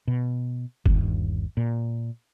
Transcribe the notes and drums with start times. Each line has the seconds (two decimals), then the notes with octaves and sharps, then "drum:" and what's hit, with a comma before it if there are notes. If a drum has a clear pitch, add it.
0.08 B2
0.86 G1 D#2, drum: kick
1.57 A#2